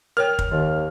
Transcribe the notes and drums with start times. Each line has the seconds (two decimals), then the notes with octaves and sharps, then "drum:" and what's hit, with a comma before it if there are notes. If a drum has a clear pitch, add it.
0.17 A#4 C#5 G5 F6
0.39 drum: kick
0.52 D#2 D#3